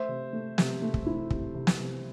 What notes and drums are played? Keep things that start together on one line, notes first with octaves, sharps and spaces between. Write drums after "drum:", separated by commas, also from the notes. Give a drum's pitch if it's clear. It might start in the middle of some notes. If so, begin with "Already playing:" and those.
Already playing: A3 C5 E5
C3
A3
C3, drum: snare
A3
drum: kick
E4
C3, drum: kick
C3
drum: snare
C3